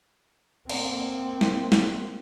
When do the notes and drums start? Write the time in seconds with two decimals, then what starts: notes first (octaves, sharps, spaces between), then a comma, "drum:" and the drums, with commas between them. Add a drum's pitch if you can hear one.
0.69 A#3 C4, drum: cymbal
1.41 drum: snare
1.72 drum: snare